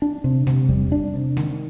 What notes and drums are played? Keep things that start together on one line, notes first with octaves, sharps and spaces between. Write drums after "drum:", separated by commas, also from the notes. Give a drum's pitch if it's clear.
D4
C3
C3, drum: snare G#3
G3, drum: kick E2
D4
C3
D#3, drum: snare G#3